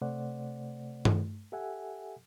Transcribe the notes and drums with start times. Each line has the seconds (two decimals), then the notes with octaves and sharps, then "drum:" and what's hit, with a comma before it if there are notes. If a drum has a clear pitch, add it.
0.01 C3 A3 C5 D5 F#5
1.05 drum: tom G2
1.52 G4 A4 E5 F#5 G#5